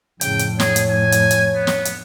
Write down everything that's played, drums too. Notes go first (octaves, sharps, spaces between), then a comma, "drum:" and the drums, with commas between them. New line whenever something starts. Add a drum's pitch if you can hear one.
F2 A2 C#3 G5, drum: hi-hat
drum: hi-hat
G#4 C#5, drum: snare
drum: hi-hat
G#5
drum: hi-hat
drum: hi-hat
B3
drum: snare
drum: hi-hat